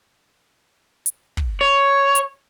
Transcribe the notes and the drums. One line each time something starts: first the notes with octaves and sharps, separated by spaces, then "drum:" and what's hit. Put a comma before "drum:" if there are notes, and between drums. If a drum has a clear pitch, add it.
drum: hi-hat
drum: kick
C#5
drum: hi-hat